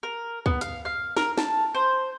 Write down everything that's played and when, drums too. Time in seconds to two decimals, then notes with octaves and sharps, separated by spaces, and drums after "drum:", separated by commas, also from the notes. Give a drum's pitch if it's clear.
0.03 A#4
0.46 B3, drum: kick C#2
0.61 F5, drum: hi-hat
0.85 F5
1.17 A#4, drum: snare
1.38 A5, drum: snare
1.75 C5